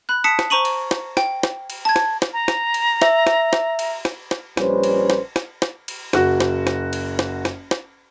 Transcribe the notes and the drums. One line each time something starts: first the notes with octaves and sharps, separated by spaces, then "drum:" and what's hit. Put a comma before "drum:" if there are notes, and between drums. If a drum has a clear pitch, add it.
B5 F#6
A5 D#6 B6 C#7
drum: snare
C5 A#5 C#6 D#7 F#7
drum: cymbal
drum: snare
G5, drum: snare
drum: snare
drum: cymbal
A5 G#6
drum: snare
drum: snare
A#5
drum: snare
drum: cymbal
E5, drum: snare
drum: snare
drum: snare
drum: cymbal
drum: snare
drum: snare
A#1 G3 C#4 B4 C5, drum: snare
drum: cymbal
drum: snare
drum: snare
drum: snare
drum: cymbal
F#1 F#4, drum: snare
drum: snare
drum: snare
drum: cymbal
drum: snare
drum: snare
drum: snare